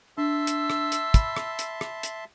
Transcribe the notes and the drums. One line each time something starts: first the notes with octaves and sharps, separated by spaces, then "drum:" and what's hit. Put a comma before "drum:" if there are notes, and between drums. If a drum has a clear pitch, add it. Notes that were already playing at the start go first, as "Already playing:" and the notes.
D4 E5 A5 C6 E6
drum: hi-hat
drum: rim click
drum: hi-hat
B5, drum: kick, hi-hat
drum: rim click
drum: hi-hat
drum: rim click
drum: hi-hat